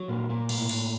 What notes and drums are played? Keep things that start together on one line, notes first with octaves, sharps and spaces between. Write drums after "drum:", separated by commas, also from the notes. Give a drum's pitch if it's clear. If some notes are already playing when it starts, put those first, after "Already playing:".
Already playing: F#3
A#2 A#3
A#2 A#3
A2, drum: cymbal
A2, drum: cymbal